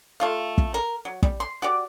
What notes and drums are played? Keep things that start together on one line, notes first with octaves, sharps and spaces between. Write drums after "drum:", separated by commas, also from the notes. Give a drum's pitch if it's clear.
A3 F4 F5
drum: kick
A#4
F#3
G3, drum: kick
C6
F#4 G4 D5